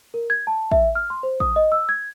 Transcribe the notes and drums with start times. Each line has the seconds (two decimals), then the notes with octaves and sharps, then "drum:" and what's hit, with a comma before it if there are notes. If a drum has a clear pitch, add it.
0.14 A#4
0.30 G#6
0.47 A5
0.72 E5, drum: kick A1
0.95 F6
1.10 C6
1.23 C5
1.40 D#6, drum: kick A1
1.56 D#5
1.72 E6
1.89 G#6